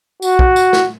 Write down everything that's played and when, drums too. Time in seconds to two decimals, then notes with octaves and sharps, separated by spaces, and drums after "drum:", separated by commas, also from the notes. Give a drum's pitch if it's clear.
0.22 F#4, drum: tambourine
0.39 drum: kick
0.56 drum: tambourine
0.73 drum: snare